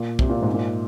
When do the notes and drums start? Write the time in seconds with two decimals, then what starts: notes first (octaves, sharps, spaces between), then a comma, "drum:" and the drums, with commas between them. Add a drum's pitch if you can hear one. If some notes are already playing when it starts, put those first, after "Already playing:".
Already playing: A#2
0.19 C3, drum: kick
0.30 A#2
0.42 G#2
0.53 A#2